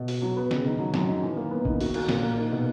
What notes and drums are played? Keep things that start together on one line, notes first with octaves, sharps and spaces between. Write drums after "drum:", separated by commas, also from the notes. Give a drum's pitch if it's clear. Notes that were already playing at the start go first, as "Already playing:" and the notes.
Already playing: B2
F#4, drum: open hi-hat
F#3
B3
C#3, drum: snare
D#3
F#3
F#2, drum: snare
D#3
E3
A#3
B3
D#3, drum: kick A1
F#4, drum: open hi-hat
A#3, drum: cymbal
A#2, drum: snare
A#3
D#4
B2